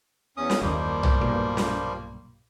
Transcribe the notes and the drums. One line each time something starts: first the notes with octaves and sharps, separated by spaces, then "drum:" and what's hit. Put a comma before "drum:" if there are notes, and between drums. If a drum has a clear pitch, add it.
E2 C#4 D#6
drum: snare
F#1 D#2 F3 G3 A#3
drum: tom B1
B1 G2 A#2
drum: snare